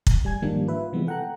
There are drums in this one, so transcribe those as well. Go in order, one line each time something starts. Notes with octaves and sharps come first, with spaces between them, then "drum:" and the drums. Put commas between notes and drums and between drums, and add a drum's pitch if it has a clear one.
drum: kick
G3 G#5 G#6
G#2 D#3 F3 G3 A#3 D4
F4 B4 E5
C3 E3 F3 G3 G#3 B3
A4 F#5 G5 A#5 F#6